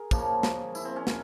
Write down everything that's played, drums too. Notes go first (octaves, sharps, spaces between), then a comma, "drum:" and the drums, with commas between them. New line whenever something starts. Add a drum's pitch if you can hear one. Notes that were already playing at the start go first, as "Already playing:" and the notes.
Already playing: G#4 A#4
C#3 F3 A#3 C#5, drum: kick, tambourine
drum: snare
E4, drum: tambourine
C4
C#4
drum: snare